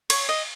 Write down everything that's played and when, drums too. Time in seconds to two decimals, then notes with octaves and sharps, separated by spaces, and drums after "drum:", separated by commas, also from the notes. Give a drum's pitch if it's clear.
0.10 C#5, drum: cymbal
0.29 D#5